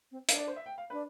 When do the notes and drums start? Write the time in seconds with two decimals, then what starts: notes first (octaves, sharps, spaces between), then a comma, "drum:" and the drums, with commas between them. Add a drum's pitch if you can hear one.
0.11 C4
0.29 D4 F5, drum: hi-hat
0.38 D5
0.47 C5
0.56 E5
0.66 G5
0.78 F5
0.90 D4 B4